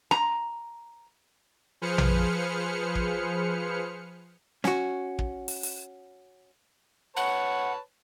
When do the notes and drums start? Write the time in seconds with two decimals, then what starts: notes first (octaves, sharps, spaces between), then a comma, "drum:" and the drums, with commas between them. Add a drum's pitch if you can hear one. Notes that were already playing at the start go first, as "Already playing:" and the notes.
0.11 A#5, drum: rim click
1.82 F3 G#4 B4 C5 F6 C#7
1.98 drum: tom A#1
2.95 drum: kick
4.64 C#4 F#4, drum: snare
5.19 drum: kick
5.48 drum: open hi-hat
5.63 drum: open hi-hat
7.17 B4 C#5 F#5 A5